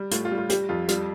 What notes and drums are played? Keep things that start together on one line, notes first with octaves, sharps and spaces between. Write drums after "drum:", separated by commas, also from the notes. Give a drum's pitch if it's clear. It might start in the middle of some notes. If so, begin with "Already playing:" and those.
Already playing: G3
A2 F4, drum: hi-hat
F4
G3
F4
G3 G4, drum: hi-hat
F2 F4
G3 F4, drum: hi-hat